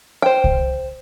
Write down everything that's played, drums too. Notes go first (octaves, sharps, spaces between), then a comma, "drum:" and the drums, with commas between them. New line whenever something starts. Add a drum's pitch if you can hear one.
C5 G5
drum: kick C2